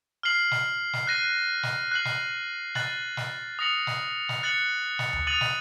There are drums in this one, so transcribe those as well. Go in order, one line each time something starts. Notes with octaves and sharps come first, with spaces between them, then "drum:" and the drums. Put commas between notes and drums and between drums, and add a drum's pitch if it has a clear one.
F6 C7 F#7
drum: snare
drum: snare
F#6 A#6 D#7
drum: snare
F#6 C7 F#7
drum: snare
F#6 A6 D#7 F#7, drum: snare
drum: snare
D#6 A#6 C#7 F#7
drum: snare
drum: snare
F#6 A6 C#7 F#7
drum: snare
drum: tom D2
D#6 A6 D#7 F#7
drum: snare